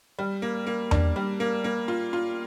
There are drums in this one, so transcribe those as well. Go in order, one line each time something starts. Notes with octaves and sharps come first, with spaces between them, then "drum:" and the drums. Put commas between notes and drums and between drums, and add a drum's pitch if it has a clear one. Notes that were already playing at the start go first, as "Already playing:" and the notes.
G3
A#3
A#3
D4, drum: tom E2
G3
A#3
A#3
F4
F4